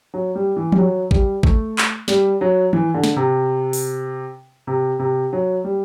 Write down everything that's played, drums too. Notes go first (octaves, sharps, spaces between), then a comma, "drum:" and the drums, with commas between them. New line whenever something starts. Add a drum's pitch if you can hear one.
F#3
G3
E3
G3, drum: tom F3
F#3
G3, drum: kick G#1
A3, drum: kick G#1
drum: clap
G3, drum: snare
F#3
E3, drum: tom E3
D3
drum: snare
C3
drum: open hi-hat
C3
C3
F#3
G3